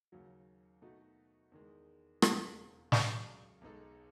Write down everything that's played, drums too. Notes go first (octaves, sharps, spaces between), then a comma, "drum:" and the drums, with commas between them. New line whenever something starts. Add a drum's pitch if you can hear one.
D#2 C#3 F#3 C#4 F#4
B2 A3 D#4 F#4
E2 D#3 G#3
E1 D#2 C#3 G#3 B3, drum: rim click
C#2 C#3 F#3 A3, drum: snare
B1 B2 G#3 D#4 A4